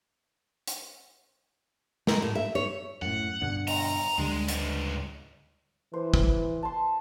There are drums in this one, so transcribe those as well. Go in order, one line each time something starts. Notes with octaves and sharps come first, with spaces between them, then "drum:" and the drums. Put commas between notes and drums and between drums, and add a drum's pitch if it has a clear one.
drum: hi-hat
A#4, drum: snare
A2
E5
C#5
F#2 A2 F#5
G2 B2 D3
A#5, drum: open hi-hat
D2 D3 G3 G#3
C#2 G#2, drum: hi-hat
E3 C5
drum: kick
A5 C6